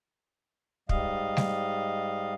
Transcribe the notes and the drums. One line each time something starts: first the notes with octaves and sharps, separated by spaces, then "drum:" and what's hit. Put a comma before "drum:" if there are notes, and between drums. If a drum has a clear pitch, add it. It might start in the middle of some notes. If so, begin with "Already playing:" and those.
G#2 G3 D#5 F5, drum: kick
drum: snare G3